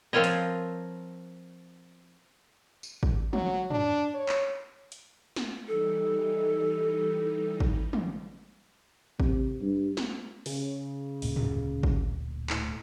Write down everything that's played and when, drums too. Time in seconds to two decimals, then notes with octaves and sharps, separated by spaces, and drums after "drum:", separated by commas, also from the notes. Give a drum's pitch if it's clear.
0.13 F3 C4 F4 A#4 C#5 D#5
0.24 drum: hi-hat
2.83 drum: tambourine
3.03 drum: kick G#1
3.33 F#3, drum: tom
3.70 D4, drum: tom
4.14 C#5
4.29 drum: clap
4.92 drum: hi-hat
5.36 drum: snare
5.68 E3 G3 D#4 A4
7.60 drum: kick G#1
7.93 drum: tom
9.20 C3, drum: kick G#1
9.62 G2
9.97 drum: snare
10.46 C#3, drum: open hi-hat
11.22 D1 A#2, drum: open hi-hat
11.36 drum: tom
11.83 drum: kick G#1
12.50 A2, drum: clap